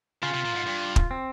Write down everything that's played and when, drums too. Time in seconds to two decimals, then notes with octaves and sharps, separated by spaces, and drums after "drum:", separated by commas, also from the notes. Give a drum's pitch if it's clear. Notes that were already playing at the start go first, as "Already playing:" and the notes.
0.22 C#3 F4
0.34 C3
0.45 A#2
0.56 G#2
0.66 G2
0.96 drum: kick
1.11 C4